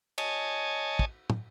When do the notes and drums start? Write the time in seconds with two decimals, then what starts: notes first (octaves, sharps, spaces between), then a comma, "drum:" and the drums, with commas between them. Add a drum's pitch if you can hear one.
0.18 C#5 D#5 G#5 A5, drum: cymbal
0.99 drum: kick
1.30 drum: tom